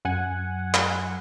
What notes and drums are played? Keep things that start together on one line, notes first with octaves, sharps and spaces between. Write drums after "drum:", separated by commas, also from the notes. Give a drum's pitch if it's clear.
F#2 F#5 G#5
drum: clap